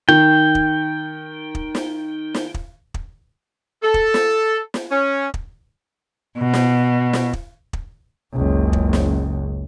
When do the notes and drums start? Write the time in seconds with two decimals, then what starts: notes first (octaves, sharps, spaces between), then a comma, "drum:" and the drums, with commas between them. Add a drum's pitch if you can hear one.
0.09 D#3 G5
0.55 drum: kick
1.55 drum: kick
1.75 drum: snare
2.34 drum: snare
2.54 drum: kick
2.94 drum: kick
3.82 A4
3.94 drum: kick
4.14 drum: snare
4.74 drum: snare
4.90 C#4
5.34 drum: kick
6.38 B2
6.54 drum: snare
7.13 drum: snare
7.33 drum: kick
7.73 drum: kick
8.33 F#1 C#2
8.73 drum: kick
8.93 drum: snare